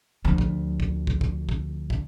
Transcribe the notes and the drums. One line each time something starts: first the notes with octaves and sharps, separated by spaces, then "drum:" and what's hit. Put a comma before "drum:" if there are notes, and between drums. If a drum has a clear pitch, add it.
D2 F3
drum: kick
drum: kick
drum: kick
drum: kick
drum: kick
drum: kick